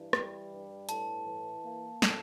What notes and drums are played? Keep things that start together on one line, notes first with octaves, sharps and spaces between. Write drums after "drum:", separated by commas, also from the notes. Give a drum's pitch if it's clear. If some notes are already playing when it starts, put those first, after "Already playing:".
Already playing: G2 E3
G3, drum: rim click
G2
A2 A5, drum: hi-hat
E3
A#3
A2, drum: snare